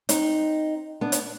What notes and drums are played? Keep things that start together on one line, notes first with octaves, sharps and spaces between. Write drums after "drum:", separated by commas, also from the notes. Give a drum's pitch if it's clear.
C4 D#4, drum: hi-hat
B3 D4
drum: hi-hat